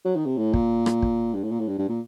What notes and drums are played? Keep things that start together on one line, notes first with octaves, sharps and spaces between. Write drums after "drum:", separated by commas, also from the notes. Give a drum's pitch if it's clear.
F#3
D#3
C3
A2
A#2, drum: kick
drum: rim click
drum: kick
G2
A2
A#2
A2
G2
G2
A#2